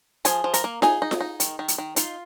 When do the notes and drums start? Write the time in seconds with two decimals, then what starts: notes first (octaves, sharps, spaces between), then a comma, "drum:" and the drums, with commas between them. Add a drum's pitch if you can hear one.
0.25 F3 G#4 G#5, drum: hi-hat
0.44 F3
0.54 A#4 A#5, drum: hi-hat
0.64 A#3
0.82 D#4 G#4 G#5, drum: snare F4
1.02 D#4
1.11 drum: snare F4
1.21 D#4
1.40 D#3, drum: hi-hat
1.59 D#3
1.68 drum: hi-hat
1.78 D#3
1.96 D#4 F4 F5, drum: hi-hat